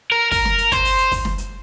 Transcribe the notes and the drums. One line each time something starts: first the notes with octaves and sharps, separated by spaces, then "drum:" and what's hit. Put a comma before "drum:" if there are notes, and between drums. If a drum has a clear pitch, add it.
A#4
A#4, drum: kick, open hi-hat
drum: snare
drum: hi-hat
C5, drum: kick, hi-hat
drum: open hi-hat
drum: hi-hat
drum: kick, open hi-hat
drum: snare
drum: hi-hat